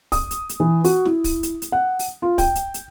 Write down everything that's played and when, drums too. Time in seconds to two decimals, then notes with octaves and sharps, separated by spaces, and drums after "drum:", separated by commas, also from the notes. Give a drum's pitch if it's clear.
0.12 D#6, drum: kick, open hi-hat
0.31 drum: hi-hat
0.49 drum: hi-hat
0.60 E3
0.84 F#4, drum: open hi-hat
1.05 E4, drum: snare
1.24 drum: kick, open hi-hat
1.43 drum: hi-hat
1.62 drum: hi-hat
1.72 F#5
1.99 drum: open hi-hat
2.22 F4
2.38 G5, drum: kick, open hi-hat
2.55 drum: hi-hat
2.74 drum: hi-hat